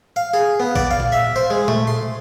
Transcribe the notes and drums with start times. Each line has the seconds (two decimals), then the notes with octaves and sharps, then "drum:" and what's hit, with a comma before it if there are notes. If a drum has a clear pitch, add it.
0.16 F5
0.34 G#4
0.60 B3
0.76 D5, drum: kick
0.91 F5
1.00 drum: tom A#2
1.12 E5
1.36 C5
1.50 G#3
1.68 A3, drum: tom A#2
1.87 C6